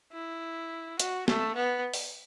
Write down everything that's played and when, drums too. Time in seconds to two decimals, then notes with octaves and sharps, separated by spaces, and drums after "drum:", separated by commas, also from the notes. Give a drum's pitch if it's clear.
0.13 E4
1.00 F#4, drum: hi-hat
1.28 A3, drum: snare
1.56 B3
1.94 drum: open hi-hat